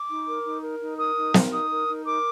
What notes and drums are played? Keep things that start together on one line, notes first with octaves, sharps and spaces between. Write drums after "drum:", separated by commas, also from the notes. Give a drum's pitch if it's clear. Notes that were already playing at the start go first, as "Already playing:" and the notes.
Already playing: D6
D#4
A#4
D#4
A#4
D#4
A#4 D#6
D#4
A#4, drum: snare
D#4 D#6
A#4
D#4
A#4 D6